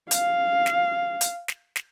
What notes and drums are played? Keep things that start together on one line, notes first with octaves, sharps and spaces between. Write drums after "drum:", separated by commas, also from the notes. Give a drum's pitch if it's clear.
F5, drum: hi-hat
drum: snare
drum: hi-hat
drum: snare
drum: snare